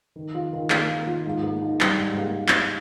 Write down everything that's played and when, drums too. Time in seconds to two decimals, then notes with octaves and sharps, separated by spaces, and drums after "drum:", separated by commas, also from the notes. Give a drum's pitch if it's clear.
0.16 D#3
0.35 F4
0.53 D#3
0.70 A#3, drum: clap
0.89 D#3
1.07 F4
1.26 G#2
1.43 A#3
1.61 D#4
1.81 G3, drum: clap
1.98 G#2
2.16 A#3
2.48 drum: clap